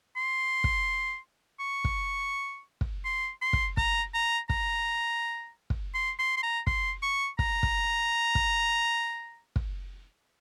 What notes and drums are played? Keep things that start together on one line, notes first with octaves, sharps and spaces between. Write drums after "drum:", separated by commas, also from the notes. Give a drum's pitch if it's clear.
C6
drum: kick
C#6
drum: kick
drum: kick
C6
C6
drum: kick
A#5, drum: kick
A#5
A#5, drum: kick
drum: kick
C6
C6
C6
A#5
C6, drum: kick
C#6
A#5, drum: kick
drum: kick
drum: kick
drum: kick